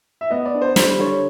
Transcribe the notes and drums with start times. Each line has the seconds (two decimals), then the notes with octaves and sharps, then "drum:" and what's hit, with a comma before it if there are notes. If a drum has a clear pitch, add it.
0.21 E5
0.30 B3 D#5
0.45 D5
0.54 D4
0.62 C5
0.76 G3 C5, drum: snare
0.99 D3 C#5